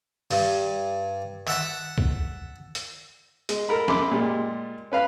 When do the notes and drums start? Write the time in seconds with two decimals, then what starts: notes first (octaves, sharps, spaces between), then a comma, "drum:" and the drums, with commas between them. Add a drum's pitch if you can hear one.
0.31 G2, drum: open hi-hat
1.48 E5 F#5 A5, drum: clap
1.98 drum: kick
2.75 drum: hi-hat
3.49 G#3, drum: hi-hat
3.69 A4 A#4 B5
3.88 F#2 B5 C6 D6, drum: snare
4.11 A#2 G3 G#3
4.92 C#4 B4 F5 B5